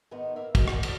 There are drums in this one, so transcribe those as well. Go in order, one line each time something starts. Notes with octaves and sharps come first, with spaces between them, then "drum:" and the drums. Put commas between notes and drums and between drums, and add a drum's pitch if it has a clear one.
G#2 D#3 B3 D#4 A#5
A#3 A#4 E5 F5
F#4 G#4 A#4, drum: kick, cymbal
D3, drum: rim click
E4 F#4 G#4 A4 C5 D5, drum: cymbal